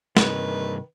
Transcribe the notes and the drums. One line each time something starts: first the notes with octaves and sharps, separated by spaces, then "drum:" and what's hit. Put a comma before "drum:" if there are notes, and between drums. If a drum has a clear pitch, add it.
G2 C3 D#3 B4, drum: snare